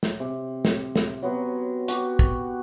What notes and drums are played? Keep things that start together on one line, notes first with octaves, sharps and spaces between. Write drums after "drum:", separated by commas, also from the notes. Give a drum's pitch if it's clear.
drum: snare
C3
drum: snare
drum: snare
F#3 B3 C4
F#4 G4, drum: hi-hat
drum: kick